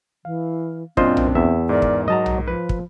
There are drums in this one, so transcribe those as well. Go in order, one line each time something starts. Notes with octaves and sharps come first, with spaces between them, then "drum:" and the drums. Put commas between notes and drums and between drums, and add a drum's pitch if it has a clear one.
E3 F5
F#2 A#2 C4 D4 F4 C5 D#5, drum: kick
drum: tom B1
E2 E5
G#2 A#4 D5
drum: kick
F#3 D#5 A5 A#5
drum: tom B1
F3 B4
drum: kick